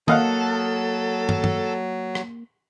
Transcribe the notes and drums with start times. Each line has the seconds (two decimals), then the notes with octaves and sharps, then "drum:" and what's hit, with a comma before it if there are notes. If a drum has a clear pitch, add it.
0.08 F#3 A#3 A4 D#5 F5 F#5, drum: tom
1.29 drum: tom
1.44 drum: tom
2.15 drum: rim click